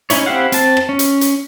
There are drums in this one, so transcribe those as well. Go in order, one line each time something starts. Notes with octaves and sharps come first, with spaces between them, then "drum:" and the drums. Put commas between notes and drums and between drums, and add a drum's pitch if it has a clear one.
C#4 D#4 E4 C#5, drum: hi-hat
C4 E4 G4 F5 F#5
C4 A5, drum: hi-hat
drum: rim click
C#4
drum: hi-hat
drum: hi-hat